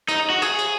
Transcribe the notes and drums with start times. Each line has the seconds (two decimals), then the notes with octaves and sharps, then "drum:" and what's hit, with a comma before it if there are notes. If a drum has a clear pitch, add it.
0.09 D#4, drum: cymbal
0.30 F#4
0.42 G#4, drum: cymbal
0.59 drum: cymbal